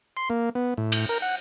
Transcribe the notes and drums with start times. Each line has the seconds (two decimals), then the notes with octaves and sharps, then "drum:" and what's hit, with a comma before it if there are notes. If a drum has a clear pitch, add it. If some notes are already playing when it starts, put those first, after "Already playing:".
0.17 C6
0.30 A#3
0.55 B3
0.77 A2
0.92 drum: cymbal
1.09 A#4
1.22 F#5